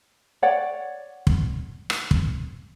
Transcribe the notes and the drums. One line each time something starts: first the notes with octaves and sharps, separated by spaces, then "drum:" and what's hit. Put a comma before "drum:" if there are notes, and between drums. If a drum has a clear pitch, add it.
C#5 D5 F#5
drum: kick
drum: rim click
drum: kick